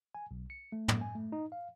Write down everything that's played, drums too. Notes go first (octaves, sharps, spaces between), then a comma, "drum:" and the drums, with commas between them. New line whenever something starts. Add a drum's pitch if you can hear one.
G#5
B1
C#7
A3
A#3, drum: tom
G#5
A3
D#4
F5